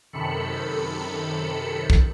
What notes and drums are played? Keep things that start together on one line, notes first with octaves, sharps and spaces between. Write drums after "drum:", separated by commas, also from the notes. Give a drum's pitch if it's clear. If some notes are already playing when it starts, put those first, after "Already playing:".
F#2 C3 D#3 A4 B5 C#7
drum: kick B1